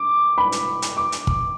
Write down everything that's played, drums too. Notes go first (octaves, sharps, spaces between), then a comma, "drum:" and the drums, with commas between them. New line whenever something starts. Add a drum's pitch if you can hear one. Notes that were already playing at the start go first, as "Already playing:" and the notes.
Already playing: D6
B5
drum: hi-hat
drum: hi-hat
D6
drum: hi-hat
drum: kick